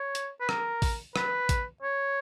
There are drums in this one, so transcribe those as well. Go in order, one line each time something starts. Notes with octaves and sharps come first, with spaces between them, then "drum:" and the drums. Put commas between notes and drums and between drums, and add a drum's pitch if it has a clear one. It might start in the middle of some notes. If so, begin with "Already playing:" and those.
Already playing: C#5
drum: hi-hat
B4
A#4, drum: rim click
drum: kick A1, open hi-hat
B4, drum: rim click
drum: kick A1, hi-hat
C#5